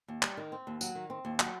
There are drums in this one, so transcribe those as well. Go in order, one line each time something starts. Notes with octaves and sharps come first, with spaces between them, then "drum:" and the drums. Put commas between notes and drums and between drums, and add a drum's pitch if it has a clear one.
D#2
G3, drum: clap
D#3
C4
D#2
F#3, drum: tambourine
D#3
C4
D#2
F#3, drum: clap